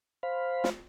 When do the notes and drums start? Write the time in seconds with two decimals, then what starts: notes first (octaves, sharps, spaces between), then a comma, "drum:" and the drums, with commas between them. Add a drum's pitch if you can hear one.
0.23 C5 F5 B5
0.64 drum: snare